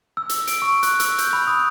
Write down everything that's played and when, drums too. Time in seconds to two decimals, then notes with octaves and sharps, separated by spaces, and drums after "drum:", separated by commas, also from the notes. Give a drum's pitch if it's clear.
0.17 E6
0.29 drum: hi-hat
0.47 D7, drum: hi-hat
0.62 C#6
0.83 F#6, drum: hi-hat
1.00 E6, drum: hi-hat
1.18 G6, drum: hi-hat
1.33 B5
1.47 D#6